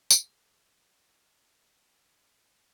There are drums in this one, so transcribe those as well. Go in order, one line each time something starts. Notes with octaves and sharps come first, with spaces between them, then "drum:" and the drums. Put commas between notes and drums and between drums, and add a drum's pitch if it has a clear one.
G4 G#4 C5 F#5 A#5 D6, drum: tambourine